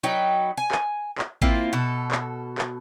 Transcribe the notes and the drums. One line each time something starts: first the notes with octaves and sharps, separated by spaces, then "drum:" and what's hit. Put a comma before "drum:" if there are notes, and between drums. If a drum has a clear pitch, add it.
F#3 D#4 B4 G5
G#5
drum: clap
drum: clap
A#3 C4 E4 F4, drum: kick A1
B2 A4
drum: clap
drum: clap